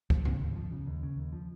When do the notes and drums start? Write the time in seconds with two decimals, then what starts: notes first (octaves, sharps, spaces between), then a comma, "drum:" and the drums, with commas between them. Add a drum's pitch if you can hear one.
0.10 F3, drum: kick
0.25 C#3, drum: tom G#2
0.41 D#2
0.56 F3
0.72 C#3
0.87 D#2
1.03 C#3
1.17 D#2
1.32 F3